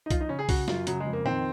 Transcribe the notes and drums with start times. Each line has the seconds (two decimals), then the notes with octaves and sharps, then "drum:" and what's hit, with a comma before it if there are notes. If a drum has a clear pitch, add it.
0.06 D#4
0.11 F3 F4, drum: kick C2, hi-hat
0.21 D#4
0.29 C#3 C#4
0.39 G#4
0.49 C#3 F#4, drum: kick C2, open hi-hat
0.68 F#2 F4, drum: snare
0.87 C#3 F#3, drum: hi-hat
1.00 G#3
1.06 F2
1.13 A#3
1.26 D#3 C4, drum: tom A#2